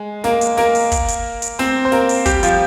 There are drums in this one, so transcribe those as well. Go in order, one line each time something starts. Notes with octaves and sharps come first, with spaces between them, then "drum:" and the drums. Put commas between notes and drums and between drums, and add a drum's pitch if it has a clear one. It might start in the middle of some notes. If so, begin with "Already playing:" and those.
Already playing: G#3
A#3 A#4, drum: snare
drum: hi-hat
A#3 A#4, drum: snare
drum: open hi-hat
drum: kick, hi-hat
drum: hi-hat
drum: hi-hat
C4 C5, drum: snare
C5
A#3 A#4, drum: snare
drum: open hi-hat
G3 G4, drum: kick, hi-hat
F3 F4, drum: hi-hat